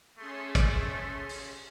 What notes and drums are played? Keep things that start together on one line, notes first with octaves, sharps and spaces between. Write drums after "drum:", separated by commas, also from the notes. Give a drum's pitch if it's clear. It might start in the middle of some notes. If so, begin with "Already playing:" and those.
A3 C#4 G#4 C6
drum: kick, hi-hat
drum: open hi-hat